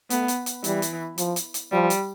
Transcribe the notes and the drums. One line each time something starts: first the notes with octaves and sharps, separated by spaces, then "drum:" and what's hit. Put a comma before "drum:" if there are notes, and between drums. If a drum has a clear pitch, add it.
A3 B3, drum: hi-hat
drum: hi-hat
drum: hi-hat
E3 G3, drum: hi-hat
drum: hi-hat
F3, drum: hi-hat
drum: hi-hat
drum: hi-hat
F3 G3
drum: hi-hat